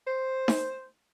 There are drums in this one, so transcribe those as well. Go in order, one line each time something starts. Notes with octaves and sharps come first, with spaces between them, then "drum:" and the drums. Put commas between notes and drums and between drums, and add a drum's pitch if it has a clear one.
C5
drum: snare D#4